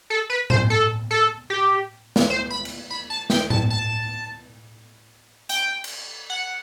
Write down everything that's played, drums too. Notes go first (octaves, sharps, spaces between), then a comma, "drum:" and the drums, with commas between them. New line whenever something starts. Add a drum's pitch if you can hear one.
A4
B4
C5, drum: tom A2
A4
A4
G4
drum: snare
C5
B5
drum: cymbal
B5
A5
G5, drum: snare
A5, drum: tom A2
A5
G5, drum: hi-hat
drum: cymbal
F#5